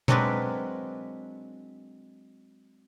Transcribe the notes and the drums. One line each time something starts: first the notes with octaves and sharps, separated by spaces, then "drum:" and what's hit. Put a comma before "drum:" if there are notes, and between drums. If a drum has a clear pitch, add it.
F#3 G#3 C4 D4 A#4 B4, drum: tom B2